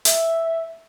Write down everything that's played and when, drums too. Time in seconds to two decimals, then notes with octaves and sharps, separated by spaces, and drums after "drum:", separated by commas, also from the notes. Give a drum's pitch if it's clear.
0.05 E5, drum: hi-hat